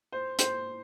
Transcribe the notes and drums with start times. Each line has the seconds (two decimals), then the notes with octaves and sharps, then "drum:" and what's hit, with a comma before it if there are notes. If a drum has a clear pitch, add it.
0.12 C5
0.39 C5, drum: hi-hat